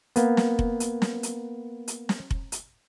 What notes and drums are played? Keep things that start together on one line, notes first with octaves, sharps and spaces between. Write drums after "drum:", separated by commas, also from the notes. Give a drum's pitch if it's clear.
A#3 B3, drum: hi-hat
drum: snare
drum: kick F1
drum: hi-hat
drum: snare
drum: hi-hat
drum: hi-hat
drum: snare
drum: kick F1
drum: hi-hat